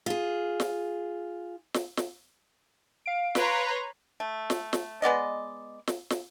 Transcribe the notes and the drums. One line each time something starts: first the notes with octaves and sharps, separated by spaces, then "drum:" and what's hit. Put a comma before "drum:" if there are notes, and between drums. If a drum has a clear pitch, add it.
F4 G#4
drum: snare
drum: snare
drum: snare
F5 D7
B4 C#5 A#5 C6, drum: snare
A3
drum: snare
drum: snare
G#3 B3 D5 D#5
drum: snare
drum: snare